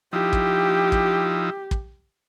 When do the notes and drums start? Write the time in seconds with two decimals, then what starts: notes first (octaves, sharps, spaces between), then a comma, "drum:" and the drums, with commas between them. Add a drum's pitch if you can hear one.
0.13 F3 D#4 E4 G4
0.33 drum: kick
0.92 drum: kick
1.71 drum: kick